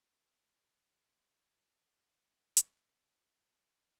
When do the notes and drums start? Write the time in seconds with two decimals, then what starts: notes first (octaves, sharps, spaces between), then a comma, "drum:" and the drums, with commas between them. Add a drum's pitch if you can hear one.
0.16 A#3 E4
0.31 E4
0.59 A#1 D#3 D4 D6
0.93 C#2 A#2 F#3 G4
1.26 B3 G#4 A4 C#5 D#5 F5
1.47 F4 A#4 C5 D#5 E5
2.57 drum: hi-hat
2.79 A#4 E5 C#6 D6 E6 A#6